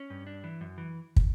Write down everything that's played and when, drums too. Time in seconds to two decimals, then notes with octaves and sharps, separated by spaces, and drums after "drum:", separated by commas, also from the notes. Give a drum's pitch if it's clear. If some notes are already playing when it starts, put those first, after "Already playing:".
Already playing: C#4
0.10 G2
0.27 D4
0.44 E3
0.61 F#2
0.78 E3
1.16 drum: kick